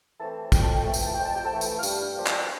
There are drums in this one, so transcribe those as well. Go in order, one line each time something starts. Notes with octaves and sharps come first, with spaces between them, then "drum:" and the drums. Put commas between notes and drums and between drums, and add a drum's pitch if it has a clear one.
E3 A3 C4 A5
F2 G5, drum: kick, tambourine
A5
G5
E3 A3 A5
G5, drum: tambourine
A5
F2 G5
A5
G5
A5
E3 A3 G5
drum: tambourine
F5
G2 G5, drum: tambourine
F3 A#3 D4
drum: clap